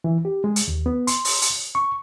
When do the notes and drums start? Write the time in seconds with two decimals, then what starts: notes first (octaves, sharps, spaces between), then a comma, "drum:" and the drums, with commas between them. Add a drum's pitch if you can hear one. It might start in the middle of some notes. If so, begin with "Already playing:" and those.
0.04 E3
0.25 G4
0.44 G#3
0.56 drum: hi-hat
0.68 D#2
0.86 B3
1.07 C6, drum: hi-hat
1.25 drum: open hi-hat
1.42 drum: hi-hat
1.75 C#6